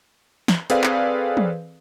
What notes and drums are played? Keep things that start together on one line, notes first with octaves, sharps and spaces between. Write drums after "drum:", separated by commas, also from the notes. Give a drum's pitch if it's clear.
drum: snare
C4 G#4 A4 B4 D5 F5, drum: hi-hat
drum: clap
drum: tom